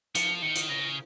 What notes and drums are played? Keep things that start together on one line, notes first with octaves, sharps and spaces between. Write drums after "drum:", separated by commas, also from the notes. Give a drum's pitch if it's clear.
F3 C#7, drum: hi-hat
D#3 C#7
drum: hi-hat
C#3 A#6